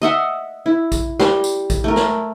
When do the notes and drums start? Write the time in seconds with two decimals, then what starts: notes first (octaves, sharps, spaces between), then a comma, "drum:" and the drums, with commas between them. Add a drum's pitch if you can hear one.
0.02 D#5 E5 F#5 C6
0.66 E4
0.92 drum: kick A#1, tambourine
1.20 G3 C6, drum: snare
1.44 drum: tambourine
1.70 drum: kick A#1, tambourine
1.84 A3 A#4
1.96 drum: snare